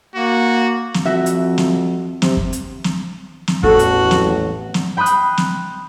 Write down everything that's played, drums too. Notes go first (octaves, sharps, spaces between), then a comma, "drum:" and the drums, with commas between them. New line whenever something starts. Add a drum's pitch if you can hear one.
A#3 F#4
drum: snare
F2 F#4 E5
drum: hi-hat
drum: snare
C3, drum: snare
drum: kick
drum: hi-hat
drum: snare
drum: snare
A1 E2 A2 F#4 A4, drum: kick
drum: hi-hat
drum: snare
drum: snare
G5 B5 C6 D#6 F#6
drum: hi-hat
drum: snare